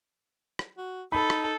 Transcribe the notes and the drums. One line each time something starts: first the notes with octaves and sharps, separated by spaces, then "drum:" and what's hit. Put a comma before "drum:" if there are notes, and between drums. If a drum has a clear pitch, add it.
drum: rim click
F#4
D#4 A4 B5
drum: rim click